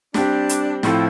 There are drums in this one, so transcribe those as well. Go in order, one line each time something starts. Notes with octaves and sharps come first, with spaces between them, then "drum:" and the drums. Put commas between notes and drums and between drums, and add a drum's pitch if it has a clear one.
G3 C4 D4 G4, drum: snare
drum: hi-hat
A2 F3 C4 E4 F4 A4, drum: snare